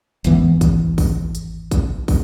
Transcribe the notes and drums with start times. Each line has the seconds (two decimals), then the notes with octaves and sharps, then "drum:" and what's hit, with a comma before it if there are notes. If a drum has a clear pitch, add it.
0.24 G#1 E2 E3 B3, drum: hi-hat
0.61 drum: kick, hi-hat
0.98 drum: kick, open hi-hat
1.35 drum: hi-hat
1.71 drum: kick, hi-hat
2.08 drum: kick, open hi-hat